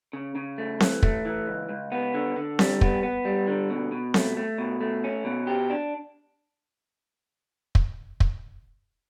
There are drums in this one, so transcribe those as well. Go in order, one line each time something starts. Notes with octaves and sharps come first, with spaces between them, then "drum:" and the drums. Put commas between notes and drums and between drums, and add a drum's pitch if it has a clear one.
C#3
C#3
A3
E3, drum: snare C4
A3, drum: kick
E3
C#2
C#2
B3
D3
D3
G3, drum: snare C4
B3, drum: kick
B3
G3
D3
B2
B2
A3, drum: snare C4
A3
B2
A3
C#4
B2
G4
D4
drum: kick
drum: kick